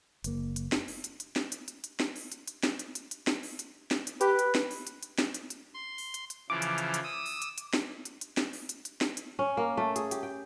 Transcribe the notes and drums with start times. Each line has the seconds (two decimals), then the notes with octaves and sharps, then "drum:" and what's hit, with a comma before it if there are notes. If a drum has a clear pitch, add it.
0.24 F#1 A#3, drum: hi-hat
0.56 drum: hi-hat
0.72 drum: snare
0.88 drum: open hi-hat
1.04 drum: hi-hat
1.20 drum: hi-hat
1.36 drum: snare
1.52 drum: hi-hat
1.68 drum: hi-hat
1.84 drum: hi-hat
2.00 drum: snare
2.16 drum: open hi-hat
2.32 drum: hi-hat
2.47 drum: hi-hat
2.63 drum: snare
2.79 drum: hi-hat
2.95 drum: hi-hat
3.11 drum: hi-hat
3.27 drum: snare
3.43 drum: open hi-hat
3.59 drum: hi-hat
3.91 drum: snare
4.07 drum: hi-hat
4.21 G4 B4, drum: hi-hat
4.39 drum: hi-hat
4.55 drum: snare
4.71 drum: open hi-hat
4.87 drum: hi-hat
5.03 drum: hi-hat
5.18 drum: snare
5.34 drum: hi-hat
5.50 drum: hi-hat
5.74 C6
5.98 drum: open hi-hat
6.14 drum: hi-hat
6.30 drum: hi-hat
6.50 C#3 E3 F3 D6
6.62 drum: hi-hat
6.78 drum: hi-hat
6.94 drum: hi-hat
7.04 D#6 E6
7.26 drum: open hi-hat
7.42 drum: hi-hat
7.58 drum: hi-hat
7.74 drum: snare
8.05 drum: hi-hat
8.21 drum: hi-hat
8.37 drum: snare
8.53 drum: open hi-hat
8.69 drum: hi-hat
8.85 drum: hi-hat
9.01 drum: snare
9.17 drum: hi-hat
9.39 C#4
9.57 A#3
9.77 A3
9.96 G#4, drum: hi-hat
10.11 G4, drum: hi-hat
10.23 G5